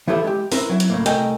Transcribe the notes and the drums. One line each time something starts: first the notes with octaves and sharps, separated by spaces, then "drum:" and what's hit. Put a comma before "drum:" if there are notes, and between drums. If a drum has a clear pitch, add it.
E3 B3 E4 F4 G4 A4
G#3 G4
C4 E4 A#4 B4, drum: open hi-hat
F#3 E4
drum: hi-hat
C#2 A2 A#3
C2 A3 A#4 D#5 G5 G#5, drum: hi-hat